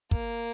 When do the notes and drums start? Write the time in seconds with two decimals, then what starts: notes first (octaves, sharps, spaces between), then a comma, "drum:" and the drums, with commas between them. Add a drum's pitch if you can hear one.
0.11 A#3, drum: kick